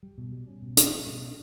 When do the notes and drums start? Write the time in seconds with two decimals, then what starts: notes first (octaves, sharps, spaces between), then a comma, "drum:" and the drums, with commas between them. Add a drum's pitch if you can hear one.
0.03 G3
0.18 B2
0.32 G3
0.48 C#4
0.62 B2
0.77 G3, drum: hi-hat
0.92 C#4
1.07 B2
1.21 D4